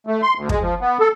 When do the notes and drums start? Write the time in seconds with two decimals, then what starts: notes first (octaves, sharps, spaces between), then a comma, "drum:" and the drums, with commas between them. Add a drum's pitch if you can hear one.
0.07 A3
0.22 C6
0.35 D2
0.49 G#3, drum: kick
0.61 F3
0.81 B3
1.00 A4